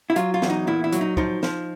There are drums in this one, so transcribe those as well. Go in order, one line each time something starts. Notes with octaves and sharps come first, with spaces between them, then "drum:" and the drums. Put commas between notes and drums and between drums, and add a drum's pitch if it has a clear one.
E4
F#3 F4, drum: hi-hat
F4
E2, drum: snare
D#4
A#2 E4
E4
F#3, drum: hi-hat
D#4
F3 D#4, drum: kick
F3, drum: snare